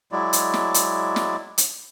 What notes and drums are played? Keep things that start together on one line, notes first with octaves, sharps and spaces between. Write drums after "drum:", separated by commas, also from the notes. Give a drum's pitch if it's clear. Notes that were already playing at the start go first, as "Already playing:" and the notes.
F#3 G#3 E4 D5
drum: hi-hat
drum: snare
drum: hi-hat
drum: snare
drum: hi-hat